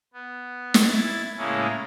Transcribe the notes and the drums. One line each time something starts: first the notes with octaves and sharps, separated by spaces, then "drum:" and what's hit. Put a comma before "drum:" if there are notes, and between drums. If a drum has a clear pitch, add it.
B3
drum: snare
E4 G#6 A6
A2 C#3 G#3 A#3 C#4 E4